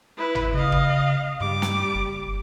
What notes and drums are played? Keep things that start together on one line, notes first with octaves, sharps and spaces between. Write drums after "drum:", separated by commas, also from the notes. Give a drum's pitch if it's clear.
E4 B4
drum: tom
C#3 D#5 F5
drum: kick
G2 G3 D6
drum: snare
F#1